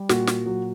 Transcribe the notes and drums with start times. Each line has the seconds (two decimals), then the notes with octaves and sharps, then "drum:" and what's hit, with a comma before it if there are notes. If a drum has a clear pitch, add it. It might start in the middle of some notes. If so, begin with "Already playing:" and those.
Already playing: G3
0.09 A#2 F#4, drum: snare
0.27 drum: snare
0.46 F#3